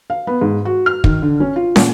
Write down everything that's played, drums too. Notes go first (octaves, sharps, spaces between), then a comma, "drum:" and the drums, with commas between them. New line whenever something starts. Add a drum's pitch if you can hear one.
F5
B3
G#2
F#4
F6
D#3, drum: kick
D3
C#4
F4
A#2, drum: snare